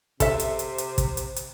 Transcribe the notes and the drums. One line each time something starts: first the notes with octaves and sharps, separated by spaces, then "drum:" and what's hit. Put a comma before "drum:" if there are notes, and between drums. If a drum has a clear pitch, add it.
C3 A4 E5, drum: kick, hi-hat
drum: hi-hat
drum: hi-hat
drum: hi-hat
drum: kick, hi-hat
drum: hi-hat
drum: hi-hat